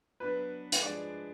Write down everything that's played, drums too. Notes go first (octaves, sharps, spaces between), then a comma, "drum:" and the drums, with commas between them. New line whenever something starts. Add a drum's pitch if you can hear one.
F#3 B3 D4 B4
drum: hi-hat
F3 G#3 D4 G#4 D5